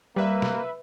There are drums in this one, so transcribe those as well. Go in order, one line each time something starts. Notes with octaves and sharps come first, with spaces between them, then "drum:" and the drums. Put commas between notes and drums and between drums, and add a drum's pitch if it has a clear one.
G3 A#3 B4 E5
drum: snare